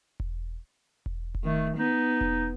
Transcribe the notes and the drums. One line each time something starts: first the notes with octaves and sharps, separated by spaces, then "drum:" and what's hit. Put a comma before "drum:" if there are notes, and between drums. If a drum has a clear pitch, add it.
drum: kick E1
drum: kick E1
drum: kick E1
D#3 A3
B3 D#4
drum: kick E1